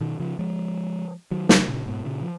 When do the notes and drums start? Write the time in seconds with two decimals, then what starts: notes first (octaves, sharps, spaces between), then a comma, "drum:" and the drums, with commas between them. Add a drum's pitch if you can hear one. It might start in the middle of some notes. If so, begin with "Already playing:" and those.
0.01 B2 D#3
0.20 C#3 F3
0.39 F3 G#3
1.31 D#3 F#3
1.49 C#3 F3, drum: snare
1.69 A#2 C#3
1.87 G#2 B2
2.05 A#2 C#3
2.22 F3